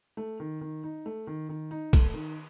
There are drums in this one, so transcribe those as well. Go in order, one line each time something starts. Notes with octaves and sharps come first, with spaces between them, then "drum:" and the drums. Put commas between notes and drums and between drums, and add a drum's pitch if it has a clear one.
A3
D#3
D#3
D#4
A3
D#3
D#3
D#4
A3, drum: kick, cymbal
D#3